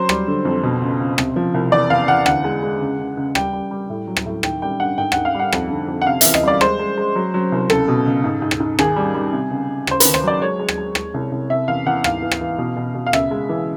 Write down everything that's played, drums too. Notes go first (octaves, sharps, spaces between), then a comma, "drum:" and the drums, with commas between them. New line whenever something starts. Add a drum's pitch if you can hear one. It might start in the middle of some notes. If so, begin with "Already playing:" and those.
Already playing: F#3 C5
G3, drum: rim click
D3
F2
B2
C#2
C#2
C3, drum: rim click
F3
C2
E2 D5
E2 F5
E2 F#5
D2 F#5, drum: rim click
G#3
G#3
C#2
C#2
C#2
G3 G5, drum: rim click
G3
G3
A2
F#3
drum: rim click
A2
D#3 G5, drum: rim click
G3 G5
G2 F#5
G#2 G5
G#2 F#5, drum: rim click
F5
G3 F#5
F2, drum: rim click
D3
F2
F#5
C3 F5
E3 E5, drum: hi-hat
D#5, drum: rim click
G3 D5
G#3 C5, drum: rim click
G#3
G#3
F#3
F#3
C2
C#2 A4, drum: rim click
B2
C#2
G#2
G#2
drum: rim click
G#2
D#2 G#4, drum: rim click
G3
G3
C3
C#2
C#2
C#3 C5, drum: rim click
D#2 B4, drum: hi-hat
C5, drum: rim click
F#3 D5
G#3 C#5
G#3
drum: rim click
G#3
G#3, drum: rim click
C2
C2
C3 E5
E2 F5
E2 F#5
G#2 F5, drum: rim click
E3
drum: rim click
E3
B2
B2
B2
F5
C#3 E5, drum: rim click
G#3
E3